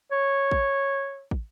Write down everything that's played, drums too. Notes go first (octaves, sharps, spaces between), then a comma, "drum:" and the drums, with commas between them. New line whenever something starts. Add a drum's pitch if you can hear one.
C#5
drum: kick
drum: kick